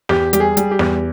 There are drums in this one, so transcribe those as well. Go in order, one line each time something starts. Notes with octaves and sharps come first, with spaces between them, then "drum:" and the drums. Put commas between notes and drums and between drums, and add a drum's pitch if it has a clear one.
E2 G4, drum: snare
G3 G4, drum: hi-hat
G#4
G3, drum: hi-hat
G4
E2, drum: snare